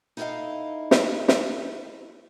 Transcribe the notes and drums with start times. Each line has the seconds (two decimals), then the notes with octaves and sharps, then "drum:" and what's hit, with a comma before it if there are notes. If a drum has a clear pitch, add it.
0.17 D#4 E4 A4 B4 D#5 F5
0.91 drum: snare
1.28 drum: snare